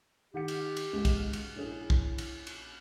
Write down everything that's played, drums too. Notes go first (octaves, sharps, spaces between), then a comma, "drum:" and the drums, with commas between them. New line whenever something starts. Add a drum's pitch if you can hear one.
D#3 G4 F#5 C#7
drum: cymbal
drum: cymbal
C#2 G#2
drum: kick, cymbal
drum: cymbal
A#1 C#4 E4 G#4
drum: kick
drum: cymbal
drum: cymbal